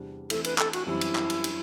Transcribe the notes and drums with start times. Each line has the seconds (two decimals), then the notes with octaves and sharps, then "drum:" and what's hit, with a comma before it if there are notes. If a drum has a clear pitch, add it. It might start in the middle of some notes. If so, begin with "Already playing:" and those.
Already playing: E2 C3 G3 D4
0.30 E3 A3 C4 E4 A4, drum: cymbal
0.44 B4, drum: cymbal
0.58 A4, drum: clap
0.73 F#4, drum: cymbal
0.86 F#2 E3 G3 C4 E4
1.01 drum: cymbal
1.15 drum: clap
1.30 drum: cymbal
1.44 drum: cymbal